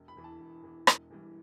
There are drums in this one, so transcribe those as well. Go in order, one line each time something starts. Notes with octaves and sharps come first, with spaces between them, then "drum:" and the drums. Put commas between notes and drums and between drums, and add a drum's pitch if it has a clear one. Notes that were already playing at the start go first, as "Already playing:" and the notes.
Already playing: E1
B5
E2 E3
A5
E1
E2 E3
E1, drum: rim click
E2 E3 G3